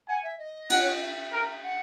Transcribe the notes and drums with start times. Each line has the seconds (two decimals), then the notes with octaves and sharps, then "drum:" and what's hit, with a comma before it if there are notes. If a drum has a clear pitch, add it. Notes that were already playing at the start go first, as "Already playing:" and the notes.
0.08 F#5 G#5
0.23 E5
0.39 D#5
0.70 F#5, drum: cymbal
0.80 C#5
0.90 D#5
1.01 E5
1.32 A#4
1.63 F#5